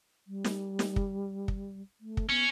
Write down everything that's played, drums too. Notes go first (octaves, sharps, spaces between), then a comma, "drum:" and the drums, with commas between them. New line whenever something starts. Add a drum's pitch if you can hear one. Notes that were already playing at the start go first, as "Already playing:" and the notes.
G3
drum: snare
drum: snare
drum: kick
drum: kick
A3
drum: kick
B3 C#4